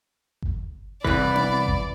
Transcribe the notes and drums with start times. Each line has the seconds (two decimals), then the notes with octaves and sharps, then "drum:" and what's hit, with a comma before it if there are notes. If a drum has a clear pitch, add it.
0.42 drum: kick G1
1.04 C2 E3 B4 D5 B5, drum: kick G1
1.36 drum: tom B3
1.67 drum: kick G1